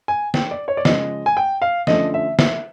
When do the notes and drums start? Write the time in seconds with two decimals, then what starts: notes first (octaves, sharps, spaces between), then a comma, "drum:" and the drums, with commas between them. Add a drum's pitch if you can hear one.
0.08 G#5
0.34 G5, drum: snare
0.51 D5
0.68 C#5
0.77 D5
0.85 C#3 F3 G#3 D#5, drum: snare
1.26 G#5
1.37 G5
1.62 F5
1.87 D3 F3 A3 C#4 D#5, drum: snare
2.14 E5
2.39 E5, drum: snare